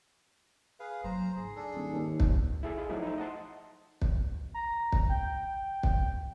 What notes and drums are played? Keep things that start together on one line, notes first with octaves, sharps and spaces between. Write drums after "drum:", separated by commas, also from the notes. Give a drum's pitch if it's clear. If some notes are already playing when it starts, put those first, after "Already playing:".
G#4 B4 F5
F#3 A#3 C5 A#5
C#2 G#2 G#4
D4 G#4 A4
D#1
D#2
drum: kick
E4 G#4 A4 E5
F4 G#4 D#5
F3 F#3 A3 D#4 E4
D#4 C5 E5
D#5 F#5 A5 C6
drum: kick
A#5
drum: kick
G5
drum: kick